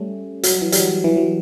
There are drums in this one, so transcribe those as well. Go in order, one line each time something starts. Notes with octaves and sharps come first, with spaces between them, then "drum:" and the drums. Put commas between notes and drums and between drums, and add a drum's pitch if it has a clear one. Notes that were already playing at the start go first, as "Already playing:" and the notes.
Already playing: G3 A3 C#4
F#3, drum: hi-hat
E3
G3, drum: hi-hat
F#3
E3
F#3